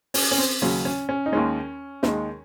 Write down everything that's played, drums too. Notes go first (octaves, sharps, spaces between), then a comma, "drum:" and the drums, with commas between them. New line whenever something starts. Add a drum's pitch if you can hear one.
C#4, drum: open hi-hat
C#4
C4
D#2 C#3 F#3 C#4
C#4
C#4
D#4
D#2 D#3 G#3 C#4
D#2 D#3 G#3, drum: snare